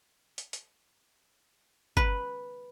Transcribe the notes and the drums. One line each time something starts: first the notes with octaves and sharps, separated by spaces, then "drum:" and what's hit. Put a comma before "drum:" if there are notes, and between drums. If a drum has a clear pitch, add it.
drum: hi-hat
drum: hi-hat
B4, drum: kick